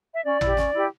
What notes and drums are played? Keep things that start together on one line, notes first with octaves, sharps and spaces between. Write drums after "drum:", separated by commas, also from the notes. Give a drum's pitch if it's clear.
E5
C#4 D5
E4 G4, drum: tom
C#4, drum: snare
E4 G4